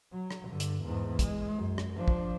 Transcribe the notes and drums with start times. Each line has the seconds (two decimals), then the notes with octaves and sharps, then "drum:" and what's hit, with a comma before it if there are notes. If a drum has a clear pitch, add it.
0.13 F#3
0.31 drum: rim click
0.47 G2 D3
0.60 drum: hi-hat
0.83 E2 G#2
1.19 G#3, drum: kick, hi-hat
1.56 F#2
1.78 drum: rim click
1.96 F3 D4
2.08 drum: kick